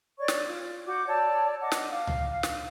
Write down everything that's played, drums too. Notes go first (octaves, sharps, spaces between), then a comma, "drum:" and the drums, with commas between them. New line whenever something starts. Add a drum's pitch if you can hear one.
C#5 D5 C#6
drum: snare
F4
F#4 D6 G6
C#5 D5 A5 E6
D#5 F#5 D6
drum: snare
F5
drum: tom C#2
drum: snare